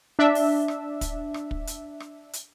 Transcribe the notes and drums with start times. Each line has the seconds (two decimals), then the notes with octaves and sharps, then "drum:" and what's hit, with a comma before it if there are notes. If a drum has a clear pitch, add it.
0.19 D4 E5
0.35 drum: open hi-hat
0.68 drum: rim click
1.01 drum: kick, hi-hat
1.34 drum: rim click
1.51 drum: kick
1.67 drum: hi-hat
2.00 drum: rim click
2.33 drum: hi-hat